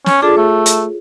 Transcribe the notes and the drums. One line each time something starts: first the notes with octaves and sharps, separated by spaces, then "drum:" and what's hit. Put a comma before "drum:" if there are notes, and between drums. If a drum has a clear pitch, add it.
C#4, drum: snare
D4 F4 G#4 A4
A3 C#5
drum: hi-hat